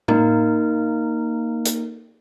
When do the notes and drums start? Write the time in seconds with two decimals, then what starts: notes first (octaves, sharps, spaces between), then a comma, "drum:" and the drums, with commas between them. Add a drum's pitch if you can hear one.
0.08 A#3 D#4 A#4, drum: tom A2
1.65 drum: hi-hat